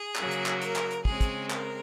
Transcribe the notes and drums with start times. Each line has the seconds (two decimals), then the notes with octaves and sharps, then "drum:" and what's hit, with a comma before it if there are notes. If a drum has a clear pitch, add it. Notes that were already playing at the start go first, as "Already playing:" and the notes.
Already playing: G#4
0.16 C#3 F#3 A#3, drum: clap
0.31 drum: hi-hat
0.46 drum: clap
0.62 A#4, drum: hi-hat
0.76 drum: clap
0.91 drum: hi-hat
1.05 C#3 G#3 C4 G#4, drum: kick
1.21 drum: kick, hi-hat
1.50 A#4, drum: clap